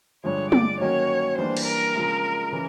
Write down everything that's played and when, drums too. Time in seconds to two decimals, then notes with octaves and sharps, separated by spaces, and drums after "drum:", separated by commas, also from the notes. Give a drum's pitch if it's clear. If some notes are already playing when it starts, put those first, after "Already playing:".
0.23 G2 D3 F3 G#3 C#5
0.52 D5, drum: tom
0.80 D#3 F#3 A#3 C#4 F#4 C#5
1.38 E3 G3 A#3 D4 G4 C5
1.57 drum: cymbal
1.67 A#4
1.95 C#3 F3 G#3
2.52 C#3 E3